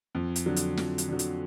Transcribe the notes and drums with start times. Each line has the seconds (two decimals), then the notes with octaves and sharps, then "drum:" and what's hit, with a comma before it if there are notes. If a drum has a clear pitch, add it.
0.15 F2
0.36 drum: hi-hat
0.46 D3 F#3
0.56 drum: hi-hat
0.77 F2, drum: snare
0.98 drum: hi-hat
1.08 D3 F#3
1.19 drum: hi-hat